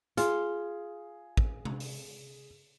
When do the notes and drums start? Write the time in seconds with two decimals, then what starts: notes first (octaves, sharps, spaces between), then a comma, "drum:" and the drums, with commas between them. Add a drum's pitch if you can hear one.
0.17 F4 G#4, drum: hi-hat
1.37 drum: kick
1.65 drum: tom C3
1.80 drum: open hi-hat